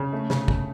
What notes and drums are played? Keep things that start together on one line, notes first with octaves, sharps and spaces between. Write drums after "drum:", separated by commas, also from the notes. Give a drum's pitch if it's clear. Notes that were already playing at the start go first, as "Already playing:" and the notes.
Already playing: C#3
A3
C#3, drum: snare
C#3, drum: kick